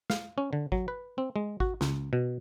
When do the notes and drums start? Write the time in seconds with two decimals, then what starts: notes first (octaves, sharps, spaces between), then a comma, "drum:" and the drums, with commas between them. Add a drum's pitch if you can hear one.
0.10 F5, drum: snare
0.38 C#4
0.53 D3
0.72 F#3, drum: kick G#1
0.88 B4
1.18 C4
1.36 G#3
1.60 F#4, drum: kick G#1
1.81 C#2, drum: snare
2.13 B2